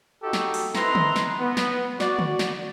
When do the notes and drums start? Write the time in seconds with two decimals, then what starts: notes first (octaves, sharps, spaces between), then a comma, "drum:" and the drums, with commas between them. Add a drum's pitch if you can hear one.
0.23 D#4 F#4 G4 A4
0.33 drum: snare
0.54 drum: open hi-hat
0.75 C4 D#4 E4 B4 A#5 C6, drum: snare
0.95 drum: tom D3
1.16 drum: snare
1.39 B3
1.57 drum: snare
2.00 F#4 D5, drum: snare
2.19 drum: tom D3
2.39 drum: snare